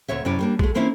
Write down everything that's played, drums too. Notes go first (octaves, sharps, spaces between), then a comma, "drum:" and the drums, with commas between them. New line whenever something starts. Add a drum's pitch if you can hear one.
D2 A#2 C#5 E5
F#2 C3 C#4 E4 D5
G3 A#3 D4
G#3 A3, drum: kick
E3 A#3 C4 C#4 D#4 E4